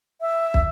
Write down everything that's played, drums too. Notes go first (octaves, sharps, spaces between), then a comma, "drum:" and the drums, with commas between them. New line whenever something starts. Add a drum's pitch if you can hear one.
E5
drum: kick